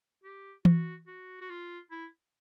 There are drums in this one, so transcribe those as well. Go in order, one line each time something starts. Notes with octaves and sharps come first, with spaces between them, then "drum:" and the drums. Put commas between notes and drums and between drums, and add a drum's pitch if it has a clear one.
G4
F#4, drum: tom E3
F#4
F#4
F4
E4